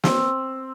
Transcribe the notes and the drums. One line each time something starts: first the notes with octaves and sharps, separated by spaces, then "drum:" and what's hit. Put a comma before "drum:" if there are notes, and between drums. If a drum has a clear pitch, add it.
C4, drum: snare